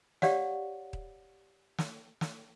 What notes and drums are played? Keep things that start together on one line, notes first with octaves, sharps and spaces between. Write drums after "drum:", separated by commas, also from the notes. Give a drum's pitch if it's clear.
G4 C#5 D5 F5 F#5, drum: snare
drum: kick D#1
drum: snare
drum: snare